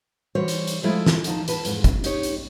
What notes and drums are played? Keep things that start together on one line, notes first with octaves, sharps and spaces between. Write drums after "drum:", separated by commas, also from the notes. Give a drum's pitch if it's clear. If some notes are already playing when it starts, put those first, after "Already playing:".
E3 G3 F#4 C5 C#5
drum: hi-hat
drum: hi-hat
F3 G#3 A3 E4 F4
drum: snare
D2 F3 D#4 A5, drum: hi-hat
E2 B4 A5, drum: hi-hat
F2 G#2, drum: hi-hat
drum: kick, hi-hat
D#4 G4 C#5, drum: hi-hat
drum: hi-hat